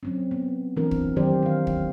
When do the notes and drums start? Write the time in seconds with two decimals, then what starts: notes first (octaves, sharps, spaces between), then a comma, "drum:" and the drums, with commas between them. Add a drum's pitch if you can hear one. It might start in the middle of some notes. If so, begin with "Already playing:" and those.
0.03 F#3 C4 C#4
0.31 B3
0.77 E3 G#3 A#3 C4 D4 A#4
0.91 drum: kick
1.16 D#3 F#3 C4 G4 C5 D5
1.43 D#3 F5
1.67 drum: kick